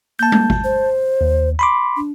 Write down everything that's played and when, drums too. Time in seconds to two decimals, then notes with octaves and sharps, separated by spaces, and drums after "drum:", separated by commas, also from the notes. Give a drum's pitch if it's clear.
0.19 A#3 A5 G6
0.32 drum: tom G3
0.50 drum: kick G#1
0.64 C5
1.21 D#2
1.59 B5 C6 D6
1.97 D4